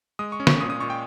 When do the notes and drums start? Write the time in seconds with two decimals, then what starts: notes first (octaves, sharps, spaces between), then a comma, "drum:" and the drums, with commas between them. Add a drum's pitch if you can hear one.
0.19 G#3 D#6
0.32 C#6
0.40 C#4
0.47 C#6, drum: snare
0.60 A#2 D#6
0.70 D#6
0.80 A#2 C#6
0.90 G5